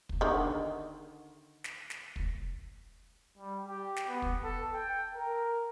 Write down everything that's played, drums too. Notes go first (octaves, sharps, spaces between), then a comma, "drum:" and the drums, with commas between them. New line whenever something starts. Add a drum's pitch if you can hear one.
drum: kick
D3 D#3
drum: snare
drum: snare
drum: kick
G3
G4
drum: snare
B3
drum: kick
A4
G5
A#4